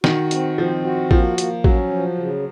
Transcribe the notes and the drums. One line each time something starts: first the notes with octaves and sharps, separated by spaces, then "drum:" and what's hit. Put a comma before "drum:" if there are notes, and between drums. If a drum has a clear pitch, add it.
D#3 F#4, drum: snare
C4, drum: hi-hat
F3 C4
F#4
F3 A#3, drum: kick A1
A#3, drum: hi-hat
F#3 C#4, drum: kick A1
F3
C#3